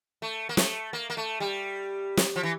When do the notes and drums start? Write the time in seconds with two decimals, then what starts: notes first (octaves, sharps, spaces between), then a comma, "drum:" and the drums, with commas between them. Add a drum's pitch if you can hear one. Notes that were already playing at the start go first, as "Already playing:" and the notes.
0.22 A3
0.49 A#3
0.57 A3, drum: snare
0.93 A#3
1.10 A#3
1.17 A3
1.40 G3
2.17 drum: snare
2.36 F3
2.43 E3